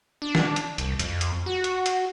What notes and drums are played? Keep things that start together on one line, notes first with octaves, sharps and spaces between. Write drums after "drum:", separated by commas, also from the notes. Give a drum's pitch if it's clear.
D4
drum: snare
drum: hi-hat
C2, drum: hi-hat
F2, drum: hi-hat
drum: hi-hat
F#4
drum: hi-hat
drum: hi-hat